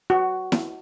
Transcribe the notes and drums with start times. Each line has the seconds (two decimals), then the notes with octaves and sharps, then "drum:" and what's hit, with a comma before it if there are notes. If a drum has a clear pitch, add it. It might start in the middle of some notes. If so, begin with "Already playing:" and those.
0.10 F#4
0.52 drum: snare E4